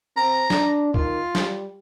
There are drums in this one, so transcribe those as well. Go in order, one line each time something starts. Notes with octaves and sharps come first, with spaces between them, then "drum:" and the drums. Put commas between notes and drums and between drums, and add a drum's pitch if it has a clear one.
C4 A#5
D4, drum: snare
D#3 F4, drum: kick
G3, drum: snare